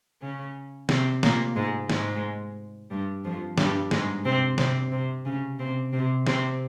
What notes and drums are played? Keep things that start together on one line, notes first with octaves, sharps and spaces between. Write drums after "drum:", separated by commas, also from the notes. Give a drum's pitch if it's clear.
C#3 C#4
C3 C4, drum: snare
A#2 A#3, drum: snare
G#2 G#3
G#2 G#3, drum: snare
G2 G3
F2 F3
G2 G3, drum: snare
G#2 G#3, drum: snare
C3 C4
C3 C4, drum: snare
C3 C4
C#3 C#4
C3 C4
C3 C4
C3 C4, drum: snare